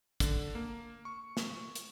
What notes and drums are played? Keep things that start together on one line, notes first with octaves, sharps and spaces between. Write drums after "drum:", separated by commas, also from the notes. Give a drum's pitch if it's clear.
D3, drum: kick, hi-hat
A#3
C#6
drum: snare
drum: hi-hat